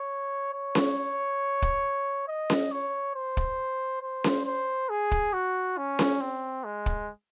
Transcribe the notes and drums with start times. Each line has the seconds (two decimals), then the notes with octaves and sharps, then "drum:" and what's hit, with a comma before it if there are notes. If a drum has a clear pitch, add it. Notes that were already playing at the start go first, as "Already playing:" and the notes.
Already playing: C#5
0.54 C#5
0.75 drum: snare C#4
1.62 drum: kick
2.28 D#5
2.50 drum: snare C#4
2.72 C#5
3.15 C5
3.37 drum: kick
4.02 C5
4.24 drum: snare C#4
4.46 C5
4.90 G#4
5.12 drum: kick
5.33 F#4
5.78 C#4
5.99 drum: snare C#4
6.21 C4
6.64 G#3
6.86 drum: kick